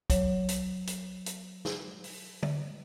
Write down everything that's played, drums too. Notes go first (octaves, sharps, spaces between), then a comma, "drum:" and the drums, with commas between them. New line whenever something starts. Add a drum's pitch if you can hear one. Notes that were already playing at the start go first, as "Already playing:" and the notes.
F#3 C#5, drum: kick, hi-hat
drum: hi-hat
drum: hi-hat
drum: hi-hat
drum: snare
drum: open hi-hat
drum: tom